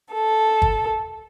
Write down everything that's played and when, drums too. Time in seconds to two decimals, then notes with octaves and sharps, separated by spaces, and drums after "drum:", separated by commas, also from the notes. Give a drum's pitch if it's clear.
0.12 A4
0.62 drum: kick